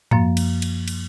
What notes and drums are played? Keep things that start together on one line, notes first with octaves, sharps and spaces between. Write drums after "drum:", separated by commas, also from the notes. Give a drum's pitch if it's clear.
F#2 F3 A#3, drum: tom G#2
drum: cymbal
drum: cymbal
drum: cymbal